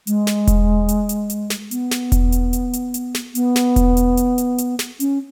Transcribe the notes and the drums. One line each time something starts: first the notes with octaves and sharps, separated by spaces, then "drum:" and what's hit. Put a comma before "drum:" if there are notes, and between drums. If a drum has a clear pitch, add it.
G#3, drum: hi-hat
drum: snare
drum: kick E1, hi-hat
drum: hi-hat
drum: hi-hat
drum: hi-hat
drum: snare
B3, drum: hi-hat
drum: snare
drum: kick E1, hi-hat
drum: hi-hat
drum: hi-hat
drum: hi-hat
drum: hi-hat
drum: snare
B3, drum: hi-hat
drum: snare
drum: kick E1, hi-hat
drum: hi-hat
drum: hi-hat
drum: hi-hat
drum: hi-hat
drum: snare
C#4, drum: hi-hat